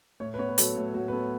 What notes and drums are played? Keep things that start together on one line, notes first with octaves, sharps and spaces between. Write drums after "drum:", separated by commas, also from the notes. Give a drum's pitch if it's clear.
A2 C#5
B4
B3 C#5
B4
F#3 A4, drum: hi-hat
A2
A2 F#4
B4
B3 A4